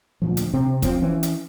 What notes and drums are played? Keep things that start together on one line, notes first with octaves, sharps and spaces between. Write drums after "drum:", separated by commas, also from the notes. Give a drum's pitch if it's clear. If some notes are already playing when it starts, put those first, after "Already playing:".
D2 A#2 F3
drum: hi-hat
C3 C4
F3 C4, drum: kick, hi-hat
E3 C#4
drum: hi-hat